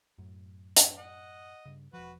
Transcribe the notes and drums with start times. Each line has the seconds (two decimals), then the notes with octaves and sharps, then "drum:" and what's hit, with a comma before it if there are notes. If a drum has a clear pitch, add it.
0.18 F#2 A2
0.77 drum: hi-hat
0.97 D#5 F#5
1.66 G2 C#3
1.93 E1 F3 F#4 B4